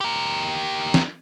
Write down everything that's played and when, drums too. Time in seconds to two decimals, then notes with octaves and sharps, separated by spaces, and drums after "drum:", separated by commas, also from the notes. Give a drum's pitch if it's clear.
0.01 G4 A#4
0.94 drum: snare